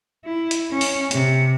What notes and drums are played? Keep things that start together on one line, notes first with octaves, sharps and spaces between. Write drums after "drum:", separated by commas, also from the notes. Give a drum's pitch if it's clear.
E4
drum: hi-hat
C#4
drum: open hi-hat
C3, drum: hi-hat